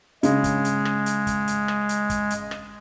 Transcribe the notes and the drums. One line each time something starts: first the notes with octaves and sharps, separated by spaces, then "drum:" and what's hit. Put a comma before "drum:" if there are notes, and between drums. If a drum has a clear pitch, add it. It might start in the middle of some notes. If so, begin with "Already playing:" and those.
C#3 G#3, drum: hi-hat
drum: kick, hi-hat
drum: hi-hat
drum: rim click
drum: hi-hat
drum: kick, hi-hat
drum: hi-hat
drum: rim click
drum: hi-hat
drum: kick, hi-hat
drum: hi-hat
drum: rim click